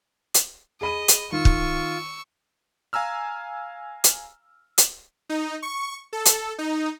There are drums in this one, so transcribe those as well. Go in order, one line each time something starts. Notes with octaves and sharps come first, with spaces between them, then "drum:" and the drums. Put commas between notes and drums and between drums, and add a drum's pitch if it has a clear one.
drum: hi-hat
G#4 D#5 B5 D#7
drum: hi-hat
D#3 F4 C#6 E6
drum: kick
F5 G#5 A#5 E6 F6
drum: hi-hat
drum: hi-hat
D#4
C#6
A4
drum: hi-hat
D#4